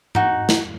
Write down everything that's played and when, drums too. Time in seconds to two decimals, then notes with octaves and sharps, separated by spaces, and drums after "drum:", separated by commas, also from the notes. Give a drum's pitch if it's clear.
0.15 D#4 F#4, drum: tom G#2
0.49 drum: snare